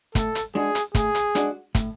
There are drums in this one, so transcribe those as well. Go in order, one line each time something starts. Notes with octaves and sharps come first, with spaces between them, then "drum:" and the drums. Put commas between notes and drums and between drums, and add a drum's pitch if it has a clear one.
A2 A4, drum: kick, hi-hat
drum: hi-hat
G#3 D4 F#4 G#4
drum: hi-hat
A2 G#4, drum: kick, hi-hat
drum: hi-hat
G#3 D4 F#4, drum: hi-hat
A2, drum: kick, hi-hat